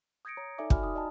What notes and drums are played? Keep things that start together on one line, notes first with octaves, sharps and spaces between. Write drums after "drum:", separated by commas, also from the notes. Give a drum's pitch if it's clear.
D#6 G6 G#6 A#6 C#7 D7
C#5 A#5
D#4 A4 D5 E5 G#5 D6
F#4 G5 G#5 B5 F6, drum: kick
D#4 D#6
D5 D#5 G5 A5 A#5